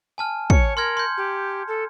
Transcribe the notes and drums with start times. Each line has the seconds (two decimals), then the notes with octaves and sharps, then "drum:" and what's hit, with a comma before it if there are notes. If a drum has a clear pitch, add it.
0.18 G#5 A5 F6
0.50 C#5 C#7, drum: kick
0.77 A#4 C6 F6 G#6
0.97 C6 G6
1.17 G4
1.68 A4